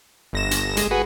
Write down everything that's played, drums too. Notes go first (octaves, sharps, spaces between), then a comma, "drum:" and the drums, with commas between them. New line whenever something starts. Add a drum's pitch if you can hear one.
G1 A#6 E7
drum: hi-hat
G#3, drum: hi-hat
F#4 G#4 B4